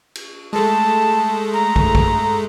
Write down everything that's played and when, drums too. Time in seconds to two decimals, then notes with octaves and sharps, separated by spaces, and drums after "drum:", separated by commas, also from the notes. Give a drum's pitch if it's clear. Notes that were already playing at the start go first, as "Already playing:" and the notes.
0.15 drum: cymbal
0.53 G#3 A3 A5
1.53 A#5
1.76 drum: kick
1.95 drum: kick